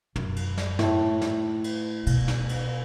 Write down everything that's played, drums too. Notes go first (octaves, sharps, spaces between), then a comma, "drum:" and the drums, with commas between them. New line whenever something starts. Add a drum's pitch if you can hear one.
F#2, drum: tom
drum: cymbal
drum: snare
A2, drum: snare
drum: snare
drum: cymbal
B2, drum: cymbal
drum: snare
drum: cymbal